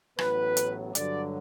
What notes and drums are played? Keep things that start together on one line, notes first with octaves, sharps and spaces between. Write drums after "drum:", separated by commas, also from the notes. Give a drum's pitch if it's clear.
A1 A2 F#3 B3 B4, drum: rim click
drum: hi-hat
G2 D3 F#3 D5, drum: hi-hat